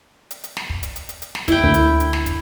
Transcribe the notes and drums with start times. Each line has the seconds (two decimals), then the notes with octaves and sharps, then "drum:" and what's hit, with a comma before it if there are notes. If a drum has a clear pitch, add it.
0.31 drum: hi-hat
0.44 drum: hi-hat
0.57 drum: snare
0.70 drum: kick
0.83 drum: hi-hat
0.96 drum: hi-hat
1.09 drum: hi-hat
1.22 drum: hi-hat
1.35 drum: snare
1.48 E4 G5, drum: kick, hi-hat
1.64 D2
1.74 drum: hi-hat
2.00 drum: hi-hat
2.13 drum: snare
2.26 drum: kick, hi-hat